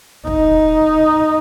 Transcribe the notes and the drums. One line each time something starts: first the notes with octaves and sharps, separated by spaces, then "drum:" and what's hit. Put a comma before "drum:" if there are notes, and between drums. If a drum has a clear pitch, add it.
D#4, drum: kick